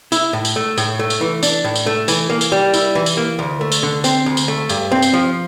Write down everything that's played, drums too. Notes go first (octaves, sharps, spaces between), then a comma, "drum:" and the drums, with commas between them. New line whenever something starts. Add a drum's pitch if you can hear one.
E4, drum: tambourine
A2
drum: tambourine
A3
A2, drum: tambourine
A3
drum: tambourine
E3
D4, drum: tambourine
A2
drum: tambourine
A3
E3, drum: tambourine
A#3
drum: tambourine
G3
E4, drum: tambourine
E3
drum: tambourine
A#3
D2
A3
drum: tambourine
D3
C4, drum: tambourine
D2
drum: tambourine
A3
G2, drum: tambourine
C4
drum: tambourine
F3